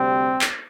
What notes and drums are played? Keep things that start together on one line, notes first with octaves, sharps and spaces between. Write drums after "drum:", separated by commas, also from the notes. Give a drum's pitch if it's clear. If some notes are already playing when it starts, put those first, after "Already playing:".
Already playing: D2 C3 G3 C4
drum: clap